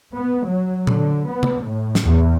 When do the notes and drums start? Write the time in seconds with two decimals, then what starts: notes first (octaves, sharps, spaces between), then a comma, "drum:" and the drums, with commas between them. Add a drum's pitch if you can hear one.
0.14 B3
0.46 F#3
0.87 D3, drum: tom A#2
1.28 B3
1.43 drum: tom C3
1.63 A2
1.95 drum: snare
2.05 E2